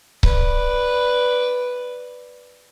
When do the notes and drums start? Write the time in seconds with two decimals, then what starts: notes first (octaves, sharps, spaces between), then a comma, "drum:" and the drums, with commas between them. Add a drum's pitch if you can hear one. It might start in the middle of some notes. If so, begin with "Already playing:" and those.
0.23 B4 D5, drum: kick C#1